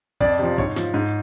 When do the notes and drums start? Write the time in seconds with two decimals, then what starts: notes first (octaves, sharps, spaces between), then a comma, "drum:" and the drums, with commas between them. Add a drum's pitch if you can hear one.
0.20 F2 D5, drum: kick
0.39 C3 F3
0.58 G#2 C#5, drum: kick
0.76 F3, drum: snare
0.94 G#2